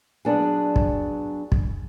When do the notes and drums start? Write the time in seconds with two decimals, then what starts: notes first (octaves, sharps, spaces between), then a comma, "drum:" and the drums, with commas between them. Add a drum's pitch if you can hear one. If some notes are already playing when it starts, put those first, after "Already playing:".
0.25 F#3 B3 D4 G#4
0.76 drum: kick
1.52 drum: kick